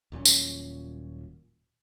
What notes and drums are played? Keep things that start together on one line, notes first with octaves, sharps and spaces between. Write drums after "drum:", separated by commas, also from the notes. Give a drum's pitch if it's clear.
D#1 A#2 F#3 C#4
drum: tambourine